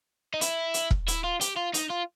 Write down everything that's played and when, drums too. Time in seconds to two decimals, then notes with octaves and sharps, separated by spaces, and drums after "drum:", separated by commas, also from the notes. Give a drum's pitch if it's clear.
0.34 D#4
0.41 E4, drum: hi-hat
0.74 drum: hi-hat
0.91 drum: kick E1
1.08 E4, drum: hi-hat
1.24 F4
1.41 G4, drum: hi-hat
1.57 F4
1.74 D#4, drum: hi-hat
1.90 F4